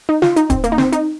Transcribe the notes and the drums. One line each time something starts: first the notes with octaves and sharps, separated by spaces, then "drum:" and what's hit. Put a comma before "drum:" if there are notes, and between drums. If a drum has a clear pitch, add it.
D#4
F4, drum: snare
D#4, drum: hi-hat
C4, drum: kick D1, hi-hat
A#3, drum: hi-hat
D#4
C4, drum: snare
D#4, drum: hi-hat